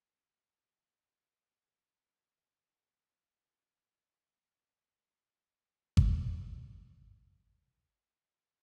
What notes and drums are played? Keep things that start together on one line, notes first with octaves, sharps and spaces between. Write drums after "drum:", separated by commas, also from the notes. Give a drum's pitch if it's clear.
B4
G#4 C5
D#2
C3
G#2 B2 A3 B5
D2 A2 E3 A3 C#4 D4
A3 B3 D5 E5 G#5
B2
drum: kick G#1
C#4 D5
D2 G#2
A#3 E6